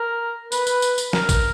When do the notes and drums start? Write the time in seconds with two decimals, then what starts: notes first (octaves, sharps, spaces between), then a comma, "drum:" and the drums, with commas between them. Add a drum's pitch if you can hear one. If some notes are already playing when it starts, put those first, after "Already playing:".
Already playing: A#4
0.52 B4, drum: tambourine
0.67 drum: tambourine
0.82 drum: tambourine
0.98 drum: tambourine
1.13 A#4, drum: snare
1.29 drum: kick, tambourine